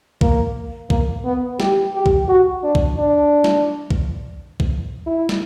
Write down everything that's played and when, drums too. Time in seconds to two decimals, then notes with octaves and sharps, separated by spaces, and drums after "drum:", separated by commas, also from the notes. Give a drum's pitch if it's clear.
0.21 A#3, drum: kick B1
0.90 A#3, drum: kick B1
1.25 B3
1.60 G4, drum: snare
1.95 G4
2.06 drum: kick B1
2.28 F#4
2.64 D4
2.75 drum: kick B1
2.98 D4
3.44 drum: snare
3.91 drum: kick B1
4.60 drum: kick B1
5.07 E4
5.29 drum: snare